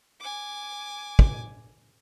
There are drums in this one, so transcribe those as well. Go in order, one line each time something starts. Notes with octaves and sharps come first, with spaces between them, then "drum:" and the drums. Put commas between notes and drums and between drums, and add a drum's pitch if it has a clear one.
G#5 D6
drum: kick